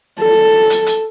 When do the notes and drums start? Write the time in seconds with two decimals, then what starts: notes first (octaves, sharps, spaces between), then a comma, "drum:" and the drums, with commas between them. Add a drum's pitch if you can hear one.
0.21 A4
0.70 drum: hi-hat
0.86 drum: hi-hat